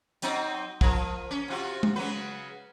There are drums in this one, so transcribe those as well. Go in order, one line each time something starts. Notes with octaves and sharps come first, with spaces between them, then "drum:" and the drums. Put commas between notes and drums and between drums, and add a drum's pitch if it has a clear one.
F#3 C4 D#4, drum: hi-hat
F3 A#4, drum: kick
C#4
C3 F4 F#4
drum: tom G#3
C#3 F#3 B4